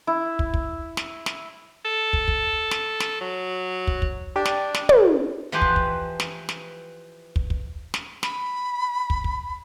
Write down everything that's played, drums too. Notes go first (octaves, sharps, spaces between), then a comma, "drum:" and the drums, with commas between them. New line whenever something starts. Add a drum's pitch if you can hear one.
E4
drum: kick
drum: kick
drum: snare
drum: snare
A4
drum: kick
drum: kick
drum: snare
drum: snare
F#3
drum: kick
drum: kick
D4 G4
drum: snare
drum: snare
drum: tom
E3 F3 G4 B4 C5
drum: kick
drum: kick
drum: snare
drum: snare
drum: kick
drum: kick
drum: snare
B5, drum: snare
drum: kick
drum: kick